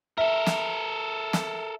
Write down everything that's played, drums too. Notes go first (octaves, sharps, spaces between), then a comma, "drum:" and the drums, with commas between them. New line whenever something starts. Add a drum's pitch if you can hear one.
A4 A#4 E5
drum: snare
drum: snare